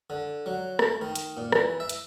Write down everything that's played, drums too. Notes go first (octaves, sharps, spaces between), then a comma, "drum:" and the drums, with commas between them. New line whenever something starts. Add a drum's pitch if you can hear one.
D3
F#3
A3, drum: rim click
D#3
drum: hi-hat
A#2
E3, drum: rim click
E5
drum: hi-hat